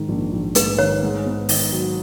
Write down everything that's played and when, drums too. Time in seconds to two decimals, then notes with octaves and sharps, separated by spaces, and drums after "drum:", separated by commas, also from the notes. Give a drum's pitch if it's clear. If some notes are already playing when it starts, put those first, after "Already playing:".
Already playing: G#2 D#3
0.08 A#1
0.33 A#1
0.55 G#2 B4, drum: hi-hat
0.79 D#3 C#5
1.03 G#2
1.26 B3
1.49 D#3, drum: open hi-hat
1.72 F#3